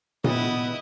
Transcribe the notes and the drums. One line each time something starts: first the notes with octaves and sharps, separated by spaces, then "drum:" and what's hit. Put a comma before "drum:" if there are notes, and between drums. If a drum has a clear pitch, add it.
B3 E4 D#5, drum: tom A#2